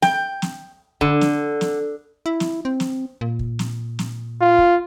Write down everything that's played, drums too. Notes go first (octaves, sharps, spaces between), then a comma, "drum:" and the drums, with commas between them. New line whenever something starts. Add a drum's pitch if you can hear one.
G5, drum: snare
drum: snare
D3, drum: kick
drum: snare
drum: snare
E4
drum: snare
C4
drum: snare
A#2
drum: kick
drum: snare
drum: snare
F4
drum: kick